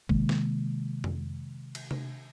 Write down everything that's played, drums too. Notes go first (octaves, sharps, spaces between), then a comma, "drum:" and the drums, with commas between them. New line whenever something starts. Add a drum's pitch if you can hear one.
C3 D#3 G#3 A#3, drum: kick
drum: snare
drum: tom F2
drum: cymbal
drum: tom C3